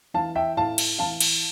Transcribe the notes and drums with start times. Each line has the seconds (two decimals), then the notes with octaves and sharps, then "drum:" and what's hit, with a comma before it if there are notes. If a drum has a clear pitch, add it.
0.14 E3 F5 A5
0.35 E5 G5
0.57 A2 F5 A5
0.78 drum: cymbal
0.99 E3 F5 A5
1.20 drum: cymbal